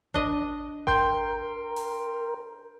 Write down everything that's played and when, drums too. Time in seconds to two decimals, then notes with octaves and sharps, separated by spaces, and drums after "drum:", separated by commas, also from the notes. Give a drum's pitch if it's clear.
0.14 D4 D#5, drum: kick G#1
0.87 A#4 G5 C6 G6, drum: kick G#1
1.76 drum: open hi-hat